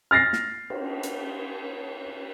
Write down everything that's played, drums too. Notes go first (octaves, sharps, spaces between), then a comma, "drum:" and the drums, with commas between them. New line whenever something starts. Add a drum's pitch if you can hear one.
F6 A6 A#6 C7
drum: snare
drum: cymbal
drum: hi-hat